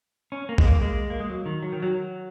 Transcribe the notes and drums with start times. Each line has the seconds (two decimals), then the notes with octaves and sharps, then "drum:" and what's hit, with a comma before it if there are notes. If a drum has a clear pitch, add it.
0.32 C#4
0.49 A#3
0.58 G#3, drum: kick A#1
0.65 A#3
0.82 G#3
1.10 A#3
1.20 G#3
1.30 F#3
1.46 D#3
1.63 F#3
1.72 D#3
1.82 F#3